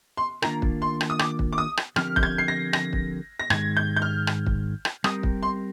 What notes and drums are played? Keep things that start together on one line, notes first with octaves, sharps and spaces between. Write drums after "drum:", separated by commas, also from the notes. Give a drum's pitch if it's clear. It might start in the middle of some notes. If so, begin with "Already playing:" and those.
C6
D#3 A#3 D4 F4 A#4 A#5, drum: rim click
drum: kick
C6
drum: rim click
D#6
D6, drum: rim click
drum: kick
D6
D#6
drum: rim click
D3 F3 C4 G4 A#4 F6, drum: rim click
G6, drum: kick
G#6
C7
A#6
A#6, drum: rim click
drum: kick
A#6
G#2 D#3 G#3 G#6, drum: rim click
G6
G6
F6
drum: rim click
drum: kick
drum: rim click
G3 C4 G4 A#4 D#6, drum: rim click
drum: kick
C6